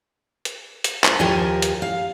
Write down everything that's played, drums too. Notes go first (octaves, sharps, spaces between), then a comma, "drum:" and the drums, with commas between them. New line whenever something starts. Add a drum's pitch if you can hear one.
drum: hi-hat
drum: hi-hat
drum: clap
D#2 F3 G4 A#4 G#5
drum: hi-hat
F5